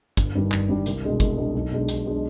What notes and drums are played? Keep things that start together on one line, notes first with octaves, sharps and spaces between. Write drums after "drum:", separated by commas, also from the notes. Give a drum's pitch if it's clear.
G1, drum: kick, hi-hat
G2 D#3 G3 D4
G1, drum: clap
G2 D#3 G3 D4
C2, drum: hi-hat
B2 G#3 D4
C2, drum: kick, hi-hat
B2 G#3 D4
B1
B2 G#3 D4
B1, drum: hi-hat
B2 G#3 D4